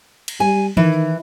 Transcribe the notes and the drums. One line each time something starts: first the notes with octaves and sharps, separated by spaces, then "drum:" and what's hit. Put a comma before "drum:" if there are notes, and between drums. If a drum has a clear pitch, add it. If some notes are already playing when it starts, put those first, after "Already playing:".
drum: cymbal
G3 G#5
D#3 E3, drum: tom E3